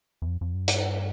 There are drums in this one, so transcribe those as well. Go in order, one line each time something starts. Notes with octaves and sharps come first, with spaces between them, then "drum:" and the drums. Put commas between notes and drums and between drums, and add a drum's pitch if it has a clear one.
E2
F2
F2
F#2
G2, drum: hi-hat